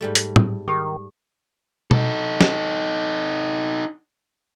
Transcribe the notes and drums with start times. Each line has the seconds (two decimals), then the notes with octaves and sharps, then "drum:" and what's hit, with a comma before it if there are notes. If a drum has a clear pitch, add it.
0.01 G#2 G3 A3
0.15 drum: hi-hat
0.36 drum: tom
0.68 D#3 G4 G#4
1.91 D#4 A4, drum: tom B2
2.41 drum: snare